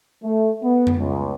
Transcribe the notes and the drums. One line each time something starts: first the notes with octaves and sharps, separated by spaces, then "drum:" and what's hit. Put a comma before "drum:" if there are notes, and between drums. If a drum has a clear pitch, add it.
A3
B3
drum: tom F2
C#2